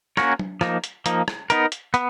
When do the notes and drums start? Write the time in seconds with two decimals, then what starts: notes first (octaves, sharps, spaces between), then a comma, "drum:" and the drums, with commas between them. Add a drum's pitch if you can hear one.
0.17 A#3 C#4 F#4 A#4 C#5, drum: rim click
0.39 drum: tom
0.61 F3 A#3 D#4, drum: rim click
0.84 drum: hi-hat
1.06 F3 A#3 D#4, drum: hi-hat
1.28 drum: rim click
1.50 B3 D#4 A#4, drum: hi-hat
1.72 drum: hi-hat
1.94 B3, drum: hi-hat